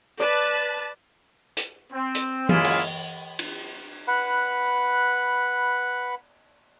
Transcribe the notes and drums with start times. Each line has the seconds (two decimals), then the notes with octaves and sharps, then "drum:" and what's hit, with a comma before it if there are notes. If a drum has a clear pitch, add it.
0.20 B4 D5 A5
1.57 drum: hi-hat
1.92 C4
2.15 drum: hi-hat
2.49 G#3 A#3 C#4 E4 F4 G#4, drum: tom E3
2.64 drum: cymbal
3.39 drum: cymbal
4.08 B4 F#5 B5